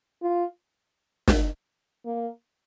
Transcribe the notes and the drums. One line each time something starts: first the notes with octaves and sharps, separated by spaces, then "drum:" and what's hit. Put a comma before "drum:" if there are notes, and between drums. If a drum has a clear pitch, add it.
F4
drum: snare
A#3